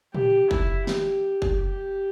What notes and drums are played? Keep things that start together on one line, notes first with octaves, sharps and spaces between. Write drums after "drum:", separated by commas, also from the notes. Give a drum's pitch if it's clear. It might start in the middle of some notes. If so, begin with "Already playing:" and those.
G4, drum: tom
E4, drum: kick
G4, drum: snare
drum: kick
G4